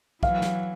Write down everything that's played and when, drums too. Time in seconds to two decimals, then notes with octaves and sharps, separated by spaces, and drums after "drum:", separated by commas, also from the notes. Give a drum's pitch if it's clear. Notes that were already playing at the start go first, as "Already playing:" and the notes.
0.23 E3 F#3 F5, drum: kick
0.42 drum: snare